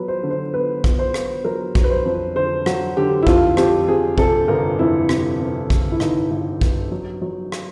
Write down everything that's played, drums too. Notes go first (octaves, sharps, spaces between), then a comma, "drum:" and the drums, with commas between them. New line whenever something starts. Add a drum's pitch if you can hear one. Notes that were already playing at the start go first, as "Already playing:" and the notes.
Already playing: F#3 B3 B4
C5
D3
C5
B3 B4
B3, drum: kick
C5
B3, drum: rim click
F#3 A#4
F#3, drum: kick
B4
C5
F2
D3 C5
F#3 F#4, drum: rim click
D3 G4
E4
F2 F4, drum: kick
F2 G4, drum: rim click
F2 G#4
C3 A4, drum: kick
G1 A#4
F2 E4
C3, drum: rim click
C3
G1, drum: kick
E4
G1 D#4, drum: rim click
G1
G1, drum: kick
F#3
F#3
drum: rim click